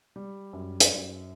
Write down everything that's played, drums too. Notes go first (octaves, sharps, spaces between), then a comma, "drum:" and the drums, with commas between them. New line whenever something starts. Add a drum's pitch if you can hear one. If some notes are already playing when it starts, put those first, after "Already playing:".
G3
F#2
drum: hi-hat
F#2